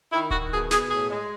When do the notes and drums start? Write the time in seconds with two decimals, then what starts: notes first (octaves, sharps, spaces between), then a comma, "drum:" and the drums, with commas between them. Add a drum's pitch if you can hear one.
0.11 D#3 E4
0.31 D#3 F#4, drum: kick D1
0.51 B2 G#4
0.71 B2 G#4, drum: snare
0.91 A2 G#4
1.10 G#3